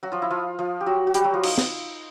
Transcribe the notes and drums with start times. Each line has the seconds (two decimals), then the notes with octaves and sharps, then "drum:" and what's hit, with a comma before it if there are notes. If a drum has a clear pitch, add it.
0.03 F#3 F#4
0.12 F3 F4
0.22 E4
0.30 F3 F4
0.59 F3 F4
0.81 G4
0.86 F#3 F#4
1.07 F#4
1.14 G3 G4, drum: hi-hat
1.24 F#3 F#4
1.34 F3 F4
1.43 D#4, drum: cymbal
1.58 drum: snare